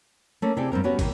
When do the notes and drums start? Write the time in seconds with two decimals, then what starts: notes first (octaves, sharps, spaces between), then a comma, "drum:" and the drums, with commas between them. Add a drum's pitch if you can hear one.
0.42 A3 A#3 C#4
0.57 C3 E4 G#4 A4 C5 D5
0.72 G2 B3 C4 A#4
0.84 B3 C#4 F#4 G4 C#5
0.99 B2 D3 D#3 A#3, drum: kick, cymbal